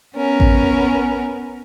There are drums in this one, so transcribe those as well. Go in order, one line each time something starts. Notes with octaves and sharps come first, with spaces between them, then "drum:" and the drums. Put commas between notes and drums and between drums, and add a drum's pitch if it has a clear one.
B3 C#4 A#4
drum: kick A1